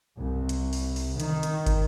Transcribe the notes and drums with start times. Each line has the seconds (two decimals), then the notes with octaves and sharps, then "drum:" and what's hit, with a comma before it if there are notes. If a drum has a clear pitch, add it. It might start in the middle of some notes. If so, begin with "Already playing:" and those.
0.18 C2
0.49 drum: hi-hat
0.73 drum: open hi-hat
0.96 drum: open hi-hat
1.20 D#3, drum: hi-hat
1.43 drum: hi-hat
1.66 drum: kick, hi-hat